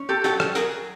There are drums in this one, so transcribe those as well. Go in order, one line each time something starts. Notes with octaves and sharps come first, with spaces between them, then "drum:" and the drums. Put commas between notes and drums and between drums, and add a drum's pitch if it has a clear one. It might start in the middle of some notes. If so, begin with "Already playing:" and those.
Already playing: C#4
G4 A4
F#3 G4 A4, drum: hi-hat
drum: rim click
F#3 G#4 A#4, drum: hi-hat